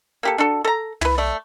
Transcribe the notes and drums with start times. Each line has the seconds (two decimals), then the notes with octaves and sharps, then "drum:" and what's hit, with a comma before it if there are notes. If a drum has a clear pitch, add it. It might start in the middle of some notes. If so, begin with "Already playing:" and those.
0.23 A#3 G4 A4
0.38 D4 F#4 A4
0.64 A4 A#5
1.01 E4 B4, drum: tom
1.18 A3 D5